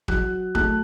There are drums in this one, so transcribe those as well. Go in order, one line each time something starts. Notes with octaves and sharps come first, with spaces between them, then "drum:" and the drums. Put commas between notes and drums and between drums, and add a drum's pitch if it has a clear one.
F#3 F#6, drum: kick
A3 F#6, drum: kick